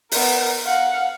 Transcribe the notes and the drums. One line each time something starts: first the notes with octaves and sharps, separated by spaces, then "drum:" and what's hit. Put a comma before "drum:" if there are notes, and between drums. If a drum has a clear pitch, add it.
B3 A#4, drum: open hi-hat
F5 F#5